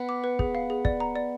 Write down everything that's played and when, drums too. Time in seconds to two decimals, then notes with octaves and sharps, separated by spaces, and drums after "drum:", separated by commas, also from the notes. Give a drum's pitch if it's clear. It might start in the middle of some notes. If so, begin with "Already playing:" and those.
Already playing: B3
0.09 D6
0.24 B4
0.39 G#4, drum: kick
0.55 F5
0.70 G#4
0.85 D5, drum: kick
1.00 A#5
1.16 D5